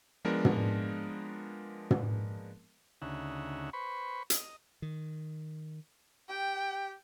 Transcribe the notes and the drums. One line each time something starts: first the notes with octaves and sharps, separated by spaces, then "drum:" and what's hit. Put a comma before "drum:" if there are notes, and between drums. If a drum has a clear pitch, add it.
F3 G#3 B3 D4 A#4
drum: tom
drum: tom
D2 C#3 D#4 E5 F#5
B4 C5 B5 C#6
D#5, drum: hi-hat
D#3
G4 G5